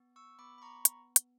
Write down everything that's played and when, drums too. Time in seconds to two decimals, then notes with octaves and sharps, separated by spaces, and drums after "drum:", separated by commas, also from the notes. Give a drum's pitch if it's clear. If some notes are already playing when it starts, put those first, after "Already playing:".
Already playing: B3
0.16 C#6 E6
0.39 B3 B5 D6
0.58 B5
0.62 A#5 C#6
0.85 drum: hi-hat
1.16 drum: hi-hat